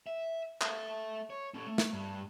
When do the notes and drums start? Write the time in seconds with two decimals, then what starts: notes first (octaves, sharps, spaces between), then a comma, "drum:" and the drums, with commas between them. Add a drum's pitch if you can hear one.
0.07 E5
0.61 A4 E5, drum: clap
1.30 C#5
1.54 C#4 A4
1.67 A3
1.78 drum: snare
1.93 G2